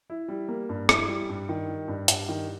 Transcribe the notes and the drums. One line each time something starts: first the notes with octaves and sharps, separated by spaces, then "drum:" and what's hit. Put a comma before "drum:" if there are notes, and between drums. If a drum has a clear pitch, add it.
E4
G3
A#3
G2
E4, drum: rim click
G3
G2
D#3
G3
G2
G2, drum: hi-hat
D#3